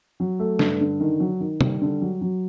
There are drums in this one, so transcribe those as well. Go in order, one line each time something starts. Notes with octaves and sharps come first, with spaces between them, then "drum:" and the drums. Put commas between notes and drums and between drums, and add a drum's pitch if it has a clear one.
F#3
A3
G2, drum: snare
D3
D#3
F#3
D#3
G3, drum: tom C3
D3
F#3
F#3